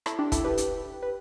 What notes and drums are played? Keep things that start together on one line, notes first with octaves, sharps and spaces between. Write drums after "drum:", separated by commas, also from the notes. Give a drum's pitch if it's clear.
E4 A4, drum: rim click
D4 G4
E4 A4, drum: kick, hi-hat
G4 B4
drum: hi-hat
B4